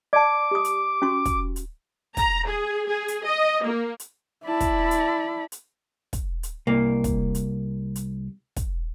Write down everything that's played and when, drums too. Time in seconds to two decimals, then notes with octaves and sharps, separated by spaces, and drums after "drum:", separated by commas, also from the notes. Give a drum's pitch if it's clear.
0.13 D5 A5 D6
0.51 G4 D#6
0.65 drum: hi-hat
1.02 C#4 F#4 C#6
1.25 drum: kick, hi-hat
1.56 drum: hi-hat
2.17 A#5, drum: kick, hi-hat
2.47 G#4
2.87 G#4
3.08 drum: hi-hat
3.25 D#5
3.64 A#3
4.00 drum: hi-hat
4.45 E4 D5 A5 B5
4.60 drum: kick, hi-hat
4.91 drum: hi-hat
5.52 drum: hi-hat
6.13 drum: kick, hi-hat
6.43 drum: hi-hat
6.67 C2 A#3
7.04 drum: kick, hi-hat
7.35 drum: hi-hat
7.96 drum: hi-hat
8.56 drum: kick, hi-hat